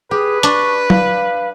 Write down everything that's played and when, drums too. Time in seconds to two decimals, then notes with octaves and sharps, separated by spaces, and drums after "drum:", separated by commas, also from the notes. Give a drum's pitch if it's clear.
0.11 G4 G#4 B4
0.43 D4 C#6, drum: hi-hat
0.90 F5, drum: tom